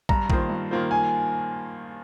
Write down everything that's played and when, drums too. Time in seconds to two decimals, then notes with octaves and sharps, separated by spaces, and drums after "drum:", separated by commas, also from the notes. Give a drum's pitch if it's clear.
0.09 G2 A#5, drum: kick
0.30 D#3 A#3 F4 C5, drum: kick
0.50 G2
0.71 D#3 A#3 F4 C5
0.91 G#5